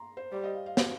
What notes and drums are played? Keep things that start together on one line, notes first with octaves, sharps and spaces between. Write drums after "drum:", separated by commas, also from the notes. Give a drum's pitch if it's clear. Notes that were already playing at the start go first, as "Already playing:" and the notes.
Already playing: A#5 C6
C5
G3 C5
D#5
F5
F5
F5, drum: snare